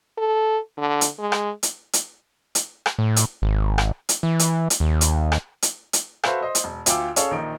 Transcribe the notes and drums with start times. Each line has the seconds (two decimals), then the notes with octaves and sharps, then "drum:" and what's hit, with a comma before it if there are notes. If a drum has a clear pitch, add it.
0.18 A4
0.78 D3
1.01 drum: hi-hat
1.19 G#3
1.32 drum: rim click
1.63 drum: hi-hat
1.93 drum: hi-hat
2.55 drum: hi-hat
2.86 drum: rim click
2.99 A2
3.16 drum: hi-hat
3.42 G#1
3.78 drum: rim click
4.09 drum: hi-hat
4.23 E3
4.39 drum: hi-hat
4.70 drum: hi-hat
4.80 D#2
5.01 drum: hi-hat
5.32 drum: rim click
5.62 drum: hi-hat
5.93 drum: hi-hat
6.24 F#4 A4 B4 C5 E5 F5, drum: rim click
6.41 C5 D#5 C6
6.55 drum: hi-hat
6.64 E1
6.86 D2 F4 G5 G#5 D6 E6, drum: hi-hat
7.16 C#4 G#4 A4 C#5 F5, drum: hi-hat
7.31 A#1 D#3 D#4 D7